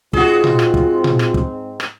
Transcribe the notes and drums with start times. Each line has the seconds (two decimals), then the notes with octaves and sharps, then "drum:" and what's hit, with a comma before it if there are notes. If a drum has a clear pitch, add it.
0.13 G#2 C4 F4 F#4 G#4, drum: kick
0.44 drum: tom A#2
0.59 drum: rim click
0.74 drum: kick
1.04 drum: tom A#2
1.19 drum: rim click
1.34 drum: kick
1.80 drum: rim click